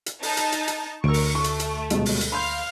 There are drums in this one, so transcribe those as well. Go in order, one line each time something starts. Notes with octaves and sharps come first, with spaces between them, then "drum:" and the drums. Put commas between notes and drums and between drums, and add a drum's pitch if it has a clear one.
drum: hi-hat
D#4 A5, drum: open hi-hat
drum: hi-hat
drum: hi-hat
drum: hi-hat
D2 A#4 C#6 E6 D7
drum: open hi-hat
A3 C#6
drum: hi-hat
drum: hi-hat
D#1 C#2 B2, drum: hi-hat
drum: open hi-hat
drum: hi-hat
F5 B5 C6 F6 G6